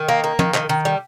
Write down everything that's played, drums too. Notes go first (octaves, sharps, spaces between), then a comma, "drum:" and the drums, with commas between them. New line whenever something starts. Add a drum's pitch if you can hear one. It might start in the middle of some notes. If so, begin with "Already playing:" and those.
Already playing: D#3
A#3
A#3
D#3, drum: tom
D#3, drum: clap
D#3
G3